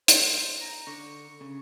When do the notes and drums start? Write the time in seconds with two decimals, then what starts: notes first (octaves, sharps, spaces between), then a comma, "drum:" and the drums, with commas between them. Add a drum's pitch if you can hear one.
0.08 C5, drum: hi-hat
0.61 A#5
0.87 D3 C#6
1.41 C#3